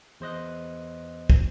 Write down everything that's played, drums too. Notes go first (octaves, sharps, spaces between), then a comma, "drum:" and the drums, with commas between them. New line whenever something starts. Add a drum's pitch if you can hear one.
E2 C5 D#5 F#6
drum: kick